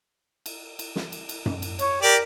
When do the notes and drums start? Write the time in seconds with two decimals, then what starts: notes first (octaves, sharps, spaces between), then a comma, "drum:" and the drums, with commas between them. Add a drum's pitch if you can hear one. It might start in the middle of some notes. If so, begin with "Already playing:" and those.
0.46 drum: cymbal
0.79 drum: cymbal
0.96 drum: snare
1.12 drum: cymbal
1.29 drum: cymbal
1.46 drum: tom F#2
1.62 drum: cymbal
1.79 C#5, drum: cymbal
2.02 G4 A#4 D5